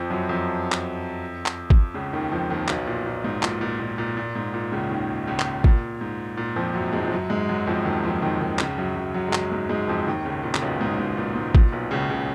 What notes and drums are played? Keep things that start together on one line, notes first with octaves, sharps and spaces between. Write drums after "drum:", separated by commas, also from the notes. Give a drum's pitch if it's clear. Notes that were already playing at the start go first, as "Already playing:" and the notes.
Already playing: F2 F3
F#2 F#3
F2 F3
drum: clap
drum: clap
drum: kick G#1
C#2 C#3
D#2 D#3
F2 F3
D#2 D#3
B1 B2, drum: clap
A#2
A#2
G#2
A#2, drum: clap
A#2
A#2
A#2
A#2
G#2
A#2
C#2 C#3
D#2 D#3
C#2 C#3
drum: clap
A#2, drum: kick G#1
G#2
A#2
F2 F3
F#2 F#3
G#2 G#3
F3
F#2 F#3
G#2 G#3
F#2 F#3
F2 F3
D#2 D#3
F2 F3
D#2 D#3
D#2 D#3
C#2 C#3, drum: clap
F#2 F#3
F#2 F#3
F#2 F#3
G#3
F#2 F#3, drum: clap
G#2 G#3
G#2 G#3
F2 F3
D#2 D#3
C#2 C#3
A#2
C#3, drum: clap
B1 B2
G#2
G#2
A#2
G#2
A#2, drum: kick G#1
B1 B2
C#2 C#3
C#3